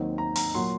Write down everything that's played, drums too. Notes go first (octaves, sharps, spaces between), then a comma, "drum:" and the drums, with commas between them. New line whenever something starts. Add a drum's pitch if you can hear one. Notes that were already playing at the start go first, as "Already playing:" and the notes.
Already playing: D#2 D#3 F#3 C4 D#4
A#5
A#5, drum: open hi-hat
A#2 F#3 C6